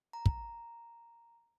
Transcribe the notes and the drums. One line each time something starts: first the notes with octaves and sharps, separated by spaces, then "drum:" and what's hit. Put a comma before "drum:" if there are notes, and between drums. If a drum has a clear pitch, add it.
A#5
drum: kick